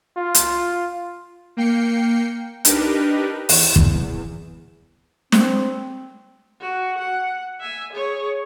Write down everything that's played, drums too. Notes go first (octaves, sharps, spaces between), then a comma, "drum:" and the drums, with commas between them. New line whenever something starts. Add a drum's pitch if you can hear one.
F4
drum: hi-hat
A#3 G5 C7 C#7
D4 D#4 G4 A#4 B4, drum: hi-hat
E2, drum: open hi-hat
drum: kick
C4, drum: snare
F#4
F#5
E5 G#5
G#4 C#5